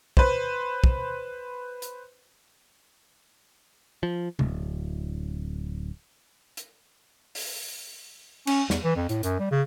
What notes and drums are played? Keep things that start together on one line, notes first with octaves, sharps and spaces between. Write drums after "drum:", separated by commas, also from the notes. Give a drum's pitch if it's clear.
B4 C5, drum: kick
drum: kick
drum: hi-hat
F3
D1, drum: tom
drum: hi-hat
drum: open hi-hat
C#4, drum: cymbal
E2, drum: snare
E3
F2
A2, drum: hi-hat
F#2, drum: hi-hat
G3
C#3